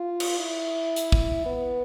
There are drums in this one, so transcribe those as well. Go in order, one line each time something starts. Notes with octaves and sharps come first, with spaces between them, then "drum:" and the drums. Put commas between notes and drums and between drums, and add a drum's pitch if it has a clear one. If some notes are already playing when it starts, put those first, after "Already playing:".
Already playing: F4
drum: cymbal
E4
drum: hi-hat
drum: kick
B3